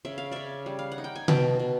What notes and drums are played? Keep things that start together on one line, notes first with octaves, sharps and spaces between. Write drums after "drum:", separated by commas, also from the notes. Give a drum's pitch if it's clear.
C#3 E5
F5
C#3 D5 E5
G3
F5
F#5
D#4
G5
G#5
B2 G5 A5, drum: tom C3
B2